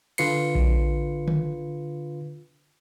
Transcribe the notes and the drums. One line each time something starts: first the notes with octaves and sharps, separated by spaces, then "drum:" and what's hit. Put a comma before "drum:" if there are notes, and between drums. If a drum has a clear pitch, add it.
D3 F4 B4 C7 C#7, drum: cymbal
drum: kick A#1
drum: tom D3